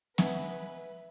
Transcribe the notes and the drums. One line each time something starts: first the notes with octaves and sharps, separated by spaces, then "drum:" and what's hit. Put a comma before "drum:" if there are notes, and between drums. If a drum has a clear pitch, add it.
B3 D#4 G#4 B4 E5, drum: snare